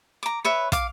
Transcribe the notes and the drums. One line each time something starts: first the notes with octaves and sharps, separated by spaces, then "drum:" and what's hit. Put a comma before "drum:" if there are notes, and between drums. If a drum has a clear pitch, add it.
A#5 D6
B4 C#5 E5
F5 D6, drum: kick, hi-hat